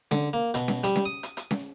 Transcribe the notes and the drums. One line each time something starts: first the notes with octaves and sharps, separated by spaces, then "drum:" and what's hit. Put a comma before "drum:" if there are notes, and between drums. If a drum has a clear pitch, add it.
D3, drum: snare C#4
A#3
B2, drum: hi-hat
drum: snare C#4
G3, drum: hi-hat
drum: snare C#4
D#6
drum: hi-hat
drum: hi-hat
drum: snare C#4